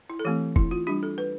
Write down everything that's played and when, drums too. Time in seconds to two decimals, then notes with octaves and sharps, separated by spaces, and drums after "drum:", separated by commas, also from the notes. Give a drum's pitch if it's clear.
0.10 E4
0.19 A4
0.25 E3 A3 C4 G4
0.56 E4, drum: kick
0.71 F4
0.87 G3 D4 G4
1.03 A4
1.18 B4